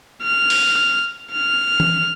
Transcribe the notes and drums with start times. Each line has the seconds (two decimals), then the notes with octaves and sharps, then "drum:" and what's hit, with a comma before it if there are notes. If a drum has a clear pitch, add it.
0.23 F6
0.50 drum: open hi-hat
1.32 F6
1.80 drum: tom